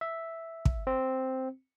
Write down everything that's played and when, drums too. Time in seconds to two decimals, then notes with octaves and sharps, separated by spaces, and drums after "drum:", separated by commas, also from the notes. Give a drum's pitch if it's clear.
0.01 E5
0.65 drum: kick
0.87 C4